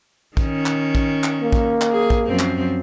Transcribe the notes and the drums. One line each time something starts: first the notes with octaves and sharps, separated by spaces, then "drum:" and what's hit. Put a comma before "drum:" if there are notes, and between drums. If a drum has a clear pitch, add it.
D#3 C#4, drum: kick
drum: clap
drum: kick
drum: clap
A#3
drum: kick
drum: clap
G#4
drum: kick
F#2 F3 C4
drum: clap